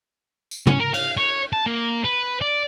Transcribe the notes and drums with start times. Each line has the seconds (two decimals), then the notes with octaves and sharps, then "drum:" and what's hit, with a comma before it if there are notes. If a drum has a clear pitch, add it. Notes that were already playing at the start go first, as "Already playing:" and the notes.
0.51 drum: tambourine
0.67 C#4, drum: tom
0.80 A#4
0.94 F5, drum: cymbal
1.17 C#5
1.53 A5
1.66 A#3
2.04 B4
2.41 D5